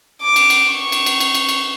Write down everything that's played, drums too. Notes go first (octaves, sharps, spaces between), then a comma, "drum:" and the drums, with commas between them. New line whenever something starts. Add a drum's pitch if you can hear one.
D6
drum: cymbal
drum: cymbal
C#6
drum: cymbal
drum: cymbal
drum: cymbal
drum: cymbal
drum: cymbal